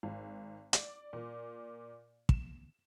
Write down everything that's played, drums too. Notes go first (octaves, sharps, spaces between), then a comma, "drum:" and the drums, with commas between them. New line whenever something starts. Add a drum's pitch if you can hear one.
G#1
D5, drum: hi-hat
A#2
E7, drum: kick